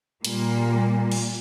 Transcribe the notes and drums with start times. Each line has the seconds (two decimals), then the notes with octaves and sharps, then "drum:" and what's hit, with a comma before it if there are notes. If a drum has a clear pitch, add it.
0.25 A#2 G3 A#3, drum: hi-hat
1.12 drum: cymbal